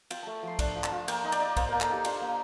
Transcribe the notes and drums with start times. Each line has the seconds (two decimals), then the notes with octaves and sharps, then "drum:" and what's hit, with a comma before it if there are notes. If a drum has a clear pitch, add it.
0.11 F4 G5, drum: cymbal
0.23 A3 A5
0.43 F3 C6
0.59 D4, drum: kick B1, cymbal
0.76 F3
0.84 A5, drum: clap
0.92 F4
1.08 A#3 G5, drum: cymbal
1.24 D#4
1.32 D5, drum: cymbal
1.40 D#4
1.57 A#3 C5, drum: kick B1, cymbal
1.69 A#3 A#4
1.81 A4, drum: clap
1.89 D#4 G4
2.05 D4 F4, drum: cymbal
2.21 A#3